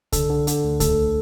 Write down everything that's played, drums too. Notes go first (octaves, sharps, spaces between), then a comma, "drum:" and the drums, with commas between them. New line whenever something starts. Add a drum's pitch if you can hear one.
D3 A4, drum: kick C2, hi-hat
D3
D3, drum: hi-hat
D2
D2 A4, drum: kick C2, hi-hat